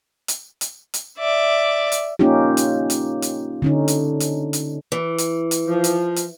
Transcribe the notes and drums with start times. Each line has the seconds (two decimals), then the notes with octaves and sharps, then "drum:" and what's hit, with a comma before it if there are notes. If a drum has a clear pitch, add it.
0.28 drum: hi-hat
0.61 drum: hi-hat
0.94 drum: hi-hat
1.18 D5 E5
1.92 drum: hi-hat
2.19 A#3 C#4 D#4 F4 G4
2.57 drum: hi-hat
2.90 drum: hi-hat
3.22 drum: hi-hat
3.62 D3 C#4 D#4
3.88 drum: hi-hat
4.20 drum: hi-hat
4.53 drum: hi-hat
4.92 E3
5.18 drum: hi-hat
5.51 drum: hi-hat
5.67 F3
5.84 drum: hi-hat
6.16 drum: hi-hat